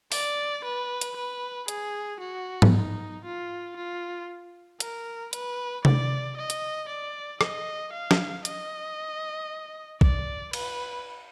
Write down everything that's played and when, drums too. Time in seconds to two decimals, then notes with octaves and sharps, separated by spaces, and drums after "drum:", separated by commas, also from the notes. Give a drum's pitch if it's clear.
0.12 D5, drum: open hi-hat
0.64 B4
1.01 drum: hi-hat
1.16 B4
1.68 G#4, drum: hi-hat
2.20 F#4
2.62 drum: tom G#2
2.72 D#4
3.25 F4
3.76 F4
4.80 A#4, drum: hi-hat
5.33 B4, drum: hi-hat
5.85 D5, drum: tom C3
6.37 D#5
6.50 drum: hi-hat
6.89 D5
7.41 D#5, drum: rim click
7.93 F5
8.11 drum: snare
8.45 D#5, drum: hi-hat
10.01 D5, drum: kick
10.53 B4, drum: cymbal